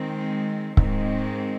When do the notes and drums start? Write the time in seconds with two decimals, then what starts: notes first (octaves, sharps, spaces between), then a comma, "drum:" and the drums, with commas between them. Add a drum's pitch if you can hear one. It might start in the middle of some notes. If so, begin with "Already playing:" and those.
Already playing: D#3 G#3 C4
0.77 G#2 D#3 G#3 C4, drum: kick C#1